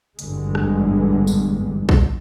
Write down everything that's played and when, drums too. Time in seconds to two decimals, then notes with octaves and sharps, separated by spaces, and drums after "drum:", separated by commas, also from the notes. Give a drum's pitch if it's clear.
0.19 G#1 E2 G2 D3 G#3, drum: hi-hat
0.55 drum: rim click
1.27 drum: tambourine
1.89 drum: kick